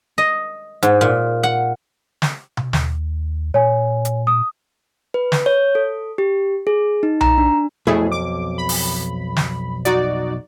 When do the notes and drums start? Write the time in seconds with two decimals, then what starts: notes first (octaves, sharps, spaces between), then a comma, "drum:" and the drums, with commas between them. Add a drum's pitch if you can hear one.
0.18 D#5
0.83 G#2, drum: hi-hat
1.01 A#2
1.43 F#5
2.22 drum: snare
2.57 drum: tom B2
2.73 D#2, drum: snare
3.54 A#2 C#5 G#5
4.05 drum: hi-hat
4.27 D#6
5.14 B4
5.32 drum: snare
5.46 C#5
5.75 A4
6.18 G4
6.67 G#4
7.03 D#4
7.21 A#5, drum: tom B1
7.38 D4
7.87 B1 F2 A3 E4 G#4
8.12 D6
8.58 B5
8.69 drum: open hi-hat
9.37 drum: snare
9.85 D#4 F#4 D5, drum: hi-hat